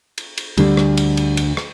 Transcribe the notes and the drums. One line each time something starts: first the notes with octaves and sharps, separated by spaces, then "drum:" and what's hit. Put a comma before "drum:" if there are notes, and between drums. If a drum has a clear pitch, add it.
drum: cymbal
drum: cymbal
D2 D3 G3, drum: cymbal
drum: rim click
drum: cymbal
drum: cymbal
drum: cymbal
drum: rim click